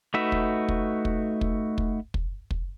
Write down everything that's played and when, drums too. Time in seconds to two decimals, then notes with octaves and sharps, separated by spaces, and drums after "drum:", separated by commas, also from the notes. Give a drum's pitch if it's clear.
0.14 A3 D#4 F#4 B4 E5
0.32 drum: kick
0.68 drum: kick
1.05 drum: kick
1.41 drum: kick
1.78 drum: kick
2.14 drum: kick
2.51 drum: kick